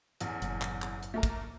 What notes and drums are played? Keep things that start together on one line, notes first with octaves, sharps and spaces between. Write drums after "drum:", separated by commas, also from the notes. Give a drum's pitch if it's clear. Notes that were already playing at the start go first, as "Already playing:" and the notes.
A1 E2, drum: hi-hat
F#1, drum: hi-hat
drum: clap
drum: clap
drum: hi-hat
A3 A#3 A#5
drum: kick, hi-hat